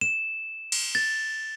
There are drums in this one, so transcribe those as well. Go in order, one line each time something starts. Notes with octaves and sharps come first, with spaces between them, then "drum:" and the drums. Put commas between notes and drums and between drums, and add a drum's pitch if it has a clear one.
E7
drum: cymbal
A6